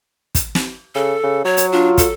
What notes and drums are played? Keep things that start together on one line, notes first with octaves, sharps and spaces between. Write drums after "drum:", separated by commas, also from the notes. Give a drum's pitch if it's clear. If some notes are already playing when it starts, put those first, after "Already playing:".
drum: kick, hi-hat
drum: snare
C#3 A4
C#3
F#3 C#5
drum: hi-hat
D4 F4
A4, drum: kick, hi-hat